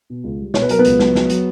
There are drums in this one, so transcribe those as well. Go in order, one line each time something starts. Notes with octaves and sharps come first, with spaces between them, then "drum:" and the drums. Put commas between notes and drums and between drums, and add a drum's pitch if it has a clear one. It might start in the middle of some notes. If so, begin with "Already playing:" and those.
B2
C#2
G3
B2 C#5, drum: snare
B4
F#3 A#4, drum: hi-hat
B3 B4
C#2, drum: hi-hat
F#3, drum: snare
F#3, drum: snare
F#3, drum: hi-hat